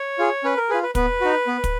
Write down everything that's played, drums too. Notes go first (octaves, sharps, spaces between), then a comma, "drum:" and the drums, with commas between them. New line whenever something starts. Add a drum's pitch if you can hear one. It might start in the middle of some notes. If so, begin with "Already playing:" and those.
Already playing: C#5
F4 G#4
C#4 B4
A#4
F4 G#4 B4
B4
B3 B4, drum: kick, hi-hat
D#4 F#4
B3
drum: kick, hi-hat